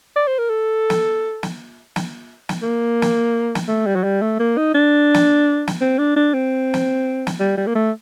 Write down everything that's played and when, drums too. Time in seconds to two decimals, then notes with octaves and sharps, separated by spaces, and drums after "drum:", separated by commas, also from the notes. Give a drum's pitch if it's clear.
0.16 D5
0.27 C5
0.39 A#4
0.50 A4
0.90 drum: snare
1.43 drum: snare
1.96 drum: snare
2.49 drum: snare
2.62 A#3
3.02 drum: snare
3.55 drum: snare
3.68 A3
3.86 G3
3.96 F#3
4.04 G3
4.22 A3
4.39 A#3
4.57 D#4
4.74 D4
5.14 drum: snare
5.67 drum: snare
5.81 C4
5.99 D4
6.16 D4
6.34 C4
6.74 drum: snare
7.27 drum: snare
7.40 G3
7.57 G3
7.67 A#3
7.75 A3